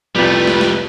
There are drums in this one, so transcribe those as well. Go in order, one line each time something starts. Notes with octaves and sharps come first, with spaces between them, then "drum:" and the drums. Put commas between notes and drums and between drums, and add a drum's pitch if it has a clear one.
C2 F2 G3 A3 F4 G4 B4
drum: snare
drum: snare